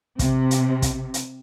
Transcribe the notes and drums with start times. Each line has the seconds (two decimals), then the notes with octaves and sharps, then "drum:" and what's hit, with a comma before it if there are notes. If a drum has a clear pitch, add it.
0.19 C3, drum: kick, hi-hat
0.51 drum: hi-hat
0.82 drum: kick, hi-hat
1.14 drum: hi-hat